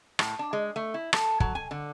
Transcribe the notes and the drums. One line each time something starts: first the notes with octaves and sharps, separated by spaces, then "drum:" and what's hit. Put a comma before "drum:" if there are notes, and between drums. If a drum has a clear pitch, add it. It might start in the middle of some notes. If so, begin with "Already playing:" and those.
A2, drum: rim click
D4
G#3
A3
E4
A4, drum: rim click
F#3, drum: kick
G#5
D3